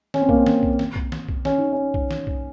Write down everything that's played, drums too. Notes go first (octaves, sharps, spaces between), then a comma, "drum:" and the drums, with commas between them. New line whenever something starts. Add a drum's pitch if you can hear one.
C#4, drum: snare
C4
A#3, drum: kick B1
C4
drum: snare
drum: kick B1
drum: snare
drum: kick B1
drum: snare
drum: kick B1
C#4, drum: snare
D#4
C#4
drum: kick B1
drum: snare
drum: kick B1